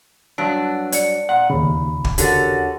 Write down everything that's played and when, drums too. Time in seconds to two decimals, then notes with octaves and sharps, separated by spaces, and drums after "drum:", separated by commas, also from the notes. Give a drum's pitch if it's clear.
0.38 G2 F#3 D4 E6 D7
0.92 D5 C#7, drum: hi-hat
1.29 A#2 F#5
1.50 D#2 C#3 B5
2.04 drum: kick
2.18 D3 C#4 F#4 G4 A#4 A6, drum: hi-hat